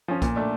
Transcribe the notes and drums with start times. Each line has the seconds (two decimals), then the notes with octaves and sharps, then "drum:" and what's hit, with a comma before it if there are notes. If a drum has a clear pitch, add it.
0.08 F3 C#4
0.22 A#2, drum: kick B1, hi-hat
0.36 A3 D4